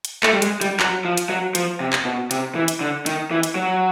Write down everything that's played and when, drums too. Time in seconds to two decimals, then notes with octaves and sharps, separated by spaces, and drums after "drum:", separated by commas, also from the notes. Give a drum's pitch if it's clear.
0.05 drum: hi-hat
0.23 A3, drum: clap
0.33 G3
0.42 G#3, drum: hi-hat
0.61 G3, drum: hi-hat
0.80 F#3, drum: clap
1.05 F3
1.17 drum: hi-hat
1.30 F#3
1.55 F3, drum: hi-hat
1.80 C3
1.93 drum: clap
2.05 B2
2.31 C3, drum: hi-hat
2.55 E3
2.68 drum: hi-hat
2.81 D3
3.06 D#3, drum: hi-hat
3.31 E3
3.43 drum: hi-hat
3.55 F#3